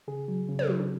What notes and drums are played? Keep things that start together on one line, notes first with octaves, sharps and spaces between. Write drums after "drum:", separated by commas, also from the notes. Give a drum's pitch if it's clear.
C#3 G#4
F#3
C#3
drum: tom
F#3